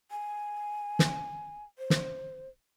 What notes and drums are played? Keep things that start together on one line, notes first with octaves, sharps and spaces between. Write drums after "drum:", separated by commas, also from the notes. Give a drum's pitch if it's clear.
G#5
drum: snare
C5
drum: snare